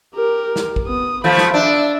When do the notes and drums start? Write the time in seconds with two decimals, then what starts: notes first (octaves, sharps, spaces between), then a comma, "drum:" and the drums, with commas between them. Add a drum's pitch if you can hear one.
0.15 G4 A#4
0.56 drum: snare
0.76 drum: kick A1
0.87 B3 D#6
1.24 F3 A3 B5
1.38 drum: snare
1.54 D4 E5